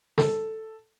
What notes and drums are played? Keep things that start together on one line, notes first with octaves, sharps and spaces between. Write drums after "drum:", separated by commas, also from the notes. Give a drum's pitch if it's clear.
A4, drum: snare